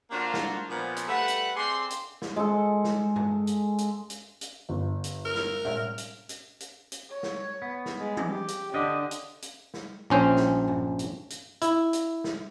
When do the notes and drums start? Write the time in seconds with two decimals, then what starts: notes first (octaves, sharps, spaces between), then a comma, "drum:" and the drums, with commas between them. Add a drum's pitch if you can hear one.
0.10 D3 A#3 D4 F4 F#4 C5
0.34 drum: snare
0.69 A#2 F3 B3
0.96 drum: hi-hat
1.08 G3 A3 B4 F#5
1.28 drum: hi-hat
1.56 C4 G#4 D5 C6
1.90 drum: hi-hat
2.22 drum: snare
2.36 G#3 A4
2.84 drum: snare
3.16 drum: tom G2
3.47 drum: hi-hat
3.78 drum: hi-hat
4.10 drum: hi-hat
4.41 drum: hi-hat
4.69 G1
5.04 drum: hi-hat
5.25 A#4
5.35 drum: snare
5.65 E5, drum: tom
5.98 drum: hi-hat
6.29 drum: hi-hat
6.60 drum: hi-hat
6.92 drum: hi-hat
7.12 C#5
7.23 drum: snare
7.62 B3
7.86 drum: snare
8.00 G#3
8.17 drum: tom E3
8.30 G4
8.48 drum: hi-hat
8.74 D3 D4 G4 D#5
9.11 drum: hi-hat
9.42 drum: hi-hat
9.74 drum: snare
10.10 A#1 C#4 C5 G5
10.36 drum: snare
10.68 drum: tom G2
10.99 drum: hi-hat
11.30 drum: hi-hat
11.62 E4, drum: hi-hat
11.93 drum: hi-hat
12.24 drum: snare